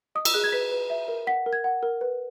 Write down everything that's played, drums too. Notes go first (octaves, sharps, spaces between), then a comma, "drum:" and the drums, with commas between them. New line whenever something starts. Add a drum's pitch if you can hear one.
D#5 D#6
E6, drum: cymbal
G#4 F#6
G#6
B4 B6
B4
E5
A#4
F#5 B6
A#4
G#6
F#5
A#4
B4